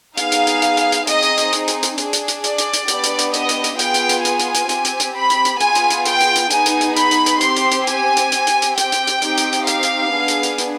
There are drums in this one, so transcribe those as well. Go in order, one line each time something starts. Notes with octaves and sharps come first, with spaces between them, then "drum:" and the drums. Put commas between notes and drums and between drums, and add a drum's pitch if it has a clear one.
B3 D#4 G#4 F5, drum: hi-hat
drum: hi-hat
drum: hi-hat
drum: hi-hat
drum: hi-hat
drum: hi-hat
C4 D#4 G#4 D#5, drum: hi-hat
drum: hi-hat
drum: hi-hat
drum: hi-hat
drum: hi-hat
drum: hi-hat
D4 G#4, drum: hi-hat
drum: hi-hat
drum: hi-hat
D5, drum: hi-hat
drum: hi-hat
drum: hi-hat
B3 D4 G4, drum: hi-hat
drum: hi-hat
drum: hi-hat
D#5, drum: hi-hat
drum: hi-hat
drum: hi-hat
B3 F4 G#4 G5, drum: hi-hat
drum: hi-hat
drum: hi-hat
G#5, drum: hi-hat
drum: hi-hat
drum: hi-hat
C4 G4, drum: hi-hat
drum: hi-hat
drum: hi-hat
B5
drum: hi-hat
drum: hi-hat
B3 F4 G#4 G#5, drum: hi-hat
drum: hi-hat
drum: hi-hat
G5, drum: hi-hat
drum: hi-hat
drum: hi-hat
B3 D#4 G#4 G#5, drum: hi-hat
drum: hi-hat
drum: hi-hat
B5, drum: hi-hat
drum: hi-hat
drum: hi-hat
C4 G4 C6, drum: hi-hat
drum: hi-hat
drum: hi-hat
G#5, drum: hi-hat
drum: hi-hat
C4 G4, drum: hi-hat
drum: hi-hat
drum: hi-hat
G5, drum: hi-hat
drum: hi-hat
drum: hi-hat
C4 D#4 G4, drum: hi-hat
drum: hi-hat
drum: hi-hat
F5, drum: hi-hat
drum: hi-hat
B3 D4 G#4
drum: hi-hat
drum: hi-hat
drum: hi-hat